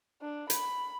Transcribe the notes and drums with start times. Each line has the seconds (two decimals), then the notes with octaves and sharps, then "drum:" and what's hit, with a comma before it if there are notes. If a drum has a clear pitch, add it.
0.21 D4
0.50 B5, drum: hi-hat